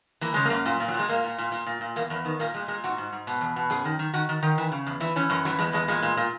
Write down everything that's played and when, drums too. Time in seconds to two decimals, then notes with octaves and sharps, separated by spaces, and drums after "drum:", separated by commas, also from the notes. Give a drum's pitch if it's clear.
0.21 E3 A#3, drum: hi-hat
0.34 C#3 G#3
0.46 F#2 A#3
0.65 A#2, drum: hi-hat
0.80 A#2
0.88 F#3
0.94 A#2
0.99 G#3
1.08 A#2 A#3, drum: hi-hat
1.24 A#2
1.38 A#2
1.52 A#2, drum: hi-hat
1.67 A#2
1.81 A#2
1.96 E2 A#3, drum: hi-hat
2.10 E2 A#3
2.25 D#3 B3
2.40 A#2 A#3, drum: hi-hat
2.54 A#2 G#3
2.68 A#2 G#3
2.84 G#2 F#4, drum: hi-hat
2.98 G#2
3.12 G#2
3.27 B2, drum: hi-hat
3.41 E2
3.56 B2
3.70 F#2 G#4, drum: hi-hat
3.85 D#3
3.99 D#3
4.14 D#3 F#4, drum: hi-hat
4.29 D#3
4.43 D#3
4.58 E3, drum: hi-hat
4.72 C#3
4.87 E2
5.00 E3 E4, drum: hi-hat
5.16 E3 C#4
5.30 F#2 F#3
5.45 E3 F#3, drum: hi-hat
5.59 E2 G#3
5.73 E2 G#3
5.88 A#2 G#3, drum: hi-hat
6.02 A#2
6.17 A#2